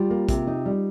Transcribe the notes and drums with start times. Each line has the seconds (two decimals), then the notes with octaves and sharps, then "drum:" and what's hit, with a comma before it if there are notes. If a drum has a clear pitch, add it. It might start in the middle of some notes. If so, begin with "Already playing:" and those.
Already playing: G3 F4
0.10 A#3
0.29 C3, drum: kick, hi-hat
0.47 D#4
0.65 G3